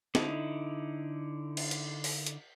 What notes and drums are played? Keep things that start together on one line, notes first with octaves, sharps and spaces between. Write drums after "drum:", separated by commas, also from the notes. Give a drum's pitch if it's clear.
D3 D#4 E4, drum: snare
drum: cymbal
drum: hi-hat
drum: open hi-hat
drum: hi-hat